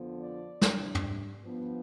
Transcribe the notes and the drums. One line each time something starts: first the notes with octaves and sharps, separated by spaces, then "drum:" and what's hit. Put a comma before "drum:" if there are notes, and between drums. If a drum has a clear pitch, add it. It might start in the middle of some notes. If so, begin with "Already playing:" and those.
Already playing: F2 D3 F3 B3
D5
C3 G3 D4, drum: snare
drum: tom
G2 F3 B3